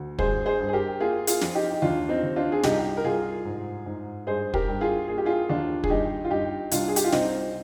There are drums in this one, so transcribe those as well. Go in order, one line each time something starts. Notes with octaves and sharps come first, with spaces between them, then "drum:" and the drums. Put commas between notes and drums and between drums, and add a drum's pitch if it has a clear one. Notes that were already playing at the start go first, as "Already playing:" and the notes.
Already playing: D2
G2 G#4 C5, drum: kick
G#4 C5
G2
G#4
G4 A#4
A#3 F4 G#4
F4 G#4, drum: hi-hat
F2, drum: snare
D#4 G4
D#4
D#2 D4 F4
C4 D#4
D#2
D4 F4
G#4
C2 D#4 G4, drum: snare
A#4
C2 F4 G#4
G#2
G#2
G2 G#4 C5
G4 A#4, drum: kick
G2
F4 G#4
A#3 G#4
G4
F4 G#4
D#2 D4 F4
G#4, drum: kick
G2 D#4 G4
F4
G2 D#4 G4
C2 D4 F4, drum: hi-hat
G#4
G4, drum: hi-hat
F4
C2 C4 D#4, drum: snare